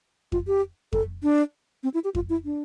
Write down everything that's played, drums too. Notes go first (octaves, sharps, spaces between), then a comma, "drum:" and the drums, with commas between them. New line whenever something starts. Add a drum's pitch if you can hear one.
F4, drum: kick F2
G4
A4, drum: kick F2
D4
C4
E4
G4
F4, drum: kick F2
E4
D4